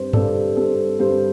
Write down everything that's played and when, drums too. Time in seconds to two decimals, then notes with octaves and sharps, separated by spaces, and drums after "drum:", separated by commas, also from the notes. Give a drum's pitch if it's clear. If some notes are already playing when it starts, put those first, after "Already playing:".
Already playing: G2 G3 C4 C5
0.13 G2 G3 C4 A4 D5, drum: tom G2
0.56 G2 G3 C4 A4
0.99 G2 G3 C4 C5